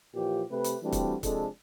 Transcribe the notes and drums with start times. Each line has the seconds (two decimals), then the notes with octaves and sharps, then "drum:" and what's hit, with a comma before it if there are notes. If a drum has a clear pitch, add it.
0.14 A#2 E3 F3 G4
0.50 C3 A3 G4 B4
0.64 drum: hi-hat
0.83 E3 G3 A3 C4 D4 F#4
0.92 drum: kick, hi-hat
1.23 C3 F3 G#3 D4 A4, drum: kick, hi-hat